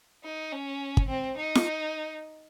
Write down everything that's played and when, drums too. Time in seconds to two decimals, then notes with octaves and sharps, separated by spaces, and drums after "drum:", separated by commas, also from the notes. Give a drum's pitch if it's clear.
0.24 D#4
0.52 C#4
0.97 drum: kick
1.08 C4
1.37 D#4
1.55 drum: snare